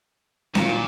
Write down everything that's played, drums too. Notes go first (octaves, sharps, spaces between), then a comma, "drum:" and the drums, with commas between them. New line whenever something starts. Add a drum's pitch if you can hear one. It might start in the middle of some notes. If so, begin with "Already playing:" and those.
A#2 D#3 F#3 F4, drum: snare C4